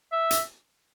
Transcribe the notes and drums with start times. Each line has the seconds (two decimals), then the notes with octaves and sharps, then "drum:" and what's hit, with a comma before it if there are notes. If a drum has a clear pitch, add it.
0.12 E5
0.31 drum: hi-hat